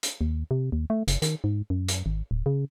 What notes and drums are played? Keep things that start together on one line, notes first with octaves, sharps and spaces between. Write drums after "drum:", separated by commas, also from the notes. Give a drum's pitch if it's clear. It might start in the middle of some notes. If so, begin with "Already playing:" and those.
drum: hi-hat
D#2
C3
D#2
A3
F#1, drum: hi-hat
D#3, drum: hi-hat
G#2
F#2
drum: hi-hat
G#1
D1
C#3